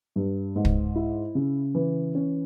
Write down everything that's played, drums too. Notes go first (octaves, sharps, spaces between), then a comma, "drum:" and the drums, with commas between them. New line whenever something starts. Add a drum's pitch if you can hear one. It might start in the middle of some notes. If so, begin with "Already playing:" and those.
G2
G#2
drum: kick
E4
C#3
E3
C#4